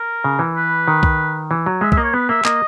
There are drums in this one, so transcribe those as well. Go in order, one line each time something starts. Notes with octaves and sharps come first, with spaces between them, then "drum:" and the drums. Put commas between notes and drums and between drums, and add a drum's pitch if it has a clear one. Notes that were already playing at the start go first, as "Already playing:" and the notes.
Already playing: A#4
C#3
E3
B4
D#3
drum: kick B1
E3
F#3
G#3 E5
E5, drum: kick B1
A#3 D#5
C#5
B3 B4
A#3 E5
A#3 D#5, drum: clap